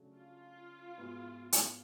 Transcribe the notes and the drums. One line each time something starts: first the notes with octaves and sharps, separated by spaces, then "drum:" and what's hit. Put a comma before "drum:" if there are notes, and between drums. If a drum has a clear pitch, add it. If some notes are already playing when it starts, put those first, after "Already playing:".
Already playing: C#3 F#3 A3 D4
F4
G#2 G#3 B3 F#4
drum: hi-hat